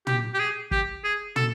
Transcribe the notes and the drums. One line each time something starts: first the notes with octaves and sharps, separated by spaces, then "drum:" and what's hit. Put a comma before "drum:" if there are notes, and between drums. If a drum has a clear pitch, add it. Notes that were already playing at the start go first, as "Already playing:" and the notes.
G4, drum: tom
G4
G#4
G4, drum: kick
G#4
A4, drum: tom